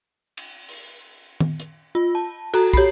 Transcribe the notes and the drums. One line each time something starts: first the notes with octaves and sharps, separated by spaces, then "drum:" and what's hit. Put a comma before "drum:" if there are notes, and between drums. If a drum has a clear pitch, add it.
drum: cymbal
drum: open hi-hat
drum: tom D#3
drum: hi-hat
F4
A5
F#4 A4 A#5, drum: cymbal
G4 C#5 B5 C7, drum: kick